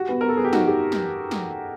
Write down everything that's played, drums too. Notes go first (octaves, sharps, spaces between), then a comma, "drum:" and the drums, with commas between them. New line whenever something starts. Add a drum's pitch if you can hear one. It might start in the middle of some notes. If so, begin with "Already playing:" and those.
Already playing: F#4 G4
B3
B3 A#4
A4
B3 G#4
G4
D#4 F#4, drum: snare
G4
drum: snare
drum: snare